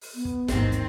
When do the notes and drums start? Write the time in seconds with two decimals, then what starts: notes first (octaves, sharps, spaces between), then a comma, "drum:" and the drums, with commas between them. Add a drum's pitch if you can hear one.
0.01 drum: open hi-hat
0.15 B3
0.25 drum: kick
0.48 A1 D#2 G#2 D#3 C4, drum: snare
0.72 drum: hi-hat